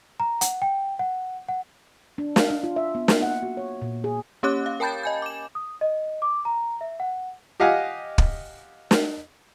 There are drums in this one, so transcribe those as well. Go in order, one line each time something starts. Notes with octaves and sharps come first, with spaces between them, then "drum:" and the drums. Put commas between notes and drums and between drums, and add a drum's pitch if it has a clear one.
A#5
F#5, drum: hi-hat
G5
F#5
F#5
D4
F5, drum: snare
D4
F4
E5
B3
A#3, drum: snare
F#5
F#4
C#5
A#2
G#4
A#3 C#4 G4 C#5 D6 F#6
F5
A#4 G5 A5 B5 G6 A6
D#5 G#5 G6
D6 E7
D#6
D#5
D6
A#5
E5
F#5
G4 D#5 F5 F#5 G#5
drum: kick
drum: snare